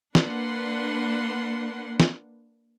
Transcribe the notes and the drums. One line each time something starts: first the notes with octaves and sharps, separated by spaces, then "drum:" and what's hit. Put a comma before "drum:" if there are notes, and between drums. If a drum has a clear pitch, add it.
A#3 D4 B4 F#5 C6, drum: snare
drum: snare